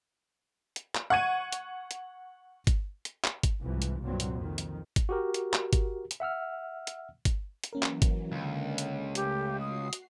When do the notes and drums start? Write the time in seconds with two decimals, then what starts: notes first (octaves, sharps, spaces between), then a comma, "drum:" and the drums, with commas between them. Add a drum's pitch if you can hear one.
0.76 drum: hi-hat
0.95 drum: clap
1.10 F#5 C#6 G#6 D#7
1.52 drum: hi-hat
1.91 drum: hi-hat
2.67 drum: kick G1, hi-hat
3.05 drum: hi-hat
3.24 drum: clap
3.43 drum: kick G1, hi-hat
3.61 C2 G#2 E3 F3
3.82 drum: hi-hat
4.01 C2 G2 A#2 F#3 C4
4.20 drum: hi-hat
4.34 F2 D#3
4.58 drum: hi-hat
4.96 drum: kick G1, hi-hat
5.09 F#4 G4 A#4
5.34 drum: hi-hat
5.54 drum: clap
5.73 drum: kick G1, hi-hat
6.11 drum: hi-hat
6.20 E5 F#5 E6 F6
6.87 drum: hi-hat
7.25 drum: kick G1, hi-hat
7.64 drum: hi-hat
7.73 E3 F#3 A#3 C#4 A#4
7.83 drum: clap
8.02 drum: kick G1, hi-hat
8.32 C#2 D3
8.78 drum: hi-hat
9.15 A3 G4, drum: hi-hat
9.60 F#4 D#6 C7
9.93 drum: hi-hat